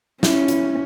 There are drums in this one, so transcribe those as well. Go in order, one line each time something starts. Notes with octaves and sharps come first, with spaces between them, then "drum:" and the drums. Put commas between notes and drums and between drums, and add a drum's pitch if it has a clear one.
C#4 E4, drum: snare
E4, drum: hi-hat